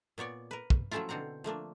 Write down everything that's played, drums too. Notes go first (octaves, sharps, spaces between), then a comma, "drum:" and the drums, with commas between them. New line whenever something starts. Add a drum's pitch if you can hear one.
A#2 B3 C#5 D5
A#4 B4
drum: kick
F3 F#3 A3 C#4 E4 F4
B2 D3 C4 F#5 A#5
F3 A3 A#3 D4